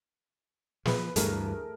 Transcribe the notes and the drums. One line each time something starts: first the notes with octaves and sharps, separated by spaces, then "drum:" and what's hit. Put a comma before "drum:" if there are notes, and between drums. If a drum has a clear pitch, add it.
F3 G#4 B4, drum: snare
D2 G2 E3 A3 G#4 A#4, drum: hi-hat